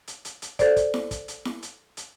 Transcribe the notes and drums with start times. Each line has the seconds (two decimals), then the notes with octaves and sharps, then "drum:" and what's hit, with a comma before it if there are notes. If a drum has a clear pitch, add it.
0.08 drum: hi-hat
0.25 drum: hi-hat
0.42 drum: hi-hat
0.59 A4 C5 D5, drum: kick, hi-hat
0.76 drum: kick, hi-hat
0.94 drum: snare E4
1.11 drum: kick, hi-hat
1.28 drum: hi-hat
1.45 drum: snare E4
1.63 drum: hi-hat
1.97 drum: hi-hat